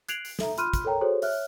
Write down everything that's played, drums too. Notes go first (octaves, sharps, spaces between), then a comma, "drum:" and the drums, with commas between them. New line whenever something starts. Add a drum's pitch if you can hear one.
F#6 G#6 C7 D7 F7 F#7, drum: hi-hat
drum: open hi-hat
A4 E5 A#5, drum: snare
F4 B5 C6 F6 F#6 D#7, drum: hi-hat
drum: kick, hi-hat
A4 A#4 C#5 G5 A#5
F#4 G#4 A4 C5 C#5
C#5 E5 F6 F#6, drum: open hi-hat